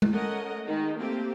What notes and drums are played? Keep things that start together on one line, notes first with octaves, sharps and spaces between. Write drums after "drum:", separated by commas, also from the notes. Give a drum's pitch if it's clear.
drum: tom G#3
A3 C#4 A#4 D#5 F#5
D#3 G#3 D#4
A3 A#3 C4 G4